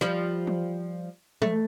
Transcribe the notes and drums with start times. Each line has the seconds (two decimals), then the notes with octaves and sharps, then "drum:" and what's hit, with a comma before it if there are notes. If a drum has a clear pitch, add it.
0.01 F3 G3, drum: snare
0.47 drum: tom E3
1.42 A3, drum: tom E3